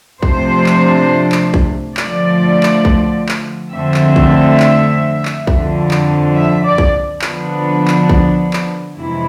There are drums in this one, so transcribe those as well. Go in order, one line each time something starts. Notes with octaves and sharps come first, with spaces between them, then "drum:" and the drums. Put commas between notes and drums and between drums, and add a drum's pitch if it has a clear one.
C3 F3 A3 D4 C5, drum: kick A#1
drum: clap
drum: clap
drum: kick A#1
D3 F3 A3 D5, drum: clap
drum: clap
drum: kick A#1
drum: clap
F2 D3 A3 C4 E5
drum: clap
drum: kick A#1
drum: clap
drum: clap
F2 D3 F3, drum: kick A#1
drum: clap
E5
D5
drum: kick A#1
D3 F3 B3 D4, drum: clap
drum: clap
drum: kick A#1
drum: clap
F2 C3 E3 G#3 E4